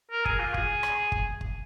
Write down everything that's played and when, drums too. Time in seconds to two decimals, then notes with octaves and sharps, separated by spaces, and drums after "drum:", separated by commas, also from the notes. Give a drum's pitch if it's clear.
0.11 A#4
0.25 G#4, drum: kick G1
0.40 F4
0.54 G#4, drum: kick G1
0.83 drum: rim click
1.12 drum: kick G1
1.41 drum: kick G1